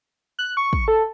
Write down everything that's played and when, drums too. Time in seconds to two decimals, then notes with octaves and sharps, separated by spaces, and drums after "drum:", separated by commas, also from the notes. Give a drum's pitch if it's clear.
0.39 F#6
0.57 C#6
0.73 drum: kick
0.88 A4